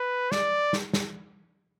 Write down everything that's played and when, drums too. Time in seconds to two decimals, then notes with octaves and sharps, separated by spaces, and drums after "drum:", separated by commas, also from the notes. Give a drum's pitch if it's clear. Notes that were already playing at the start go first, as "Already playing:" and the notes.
Already playing: B4
0.32 D5, drum: snare
0.73 drum: snare
0.93 drum: snare